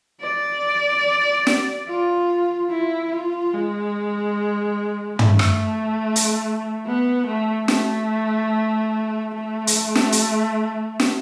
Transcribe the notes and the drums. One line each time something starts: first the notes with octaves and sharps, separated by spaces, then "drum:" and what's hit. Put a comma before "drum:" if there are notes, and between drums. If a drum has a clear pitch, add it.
D5
drum: snare
F4
E4
F4
G#3
A3, drum: tom
drum: rim click
drum: hi-hat
B3
A3
A3, drum: snare
A3
drum: hi-hat
drum: snare
drum: hi-hat
drum: snare